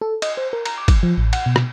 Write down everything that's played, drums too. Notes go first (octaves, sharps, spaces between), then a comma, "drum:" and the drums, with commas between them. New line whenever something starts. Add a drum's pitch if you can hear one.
A4
D#5, drum: cymbal
C5
A#4
A#5, drum: cymbal
D6
drum: kick G1, cymbal
F3
A1
F#5, drum: cymbal
B2
drum: rim click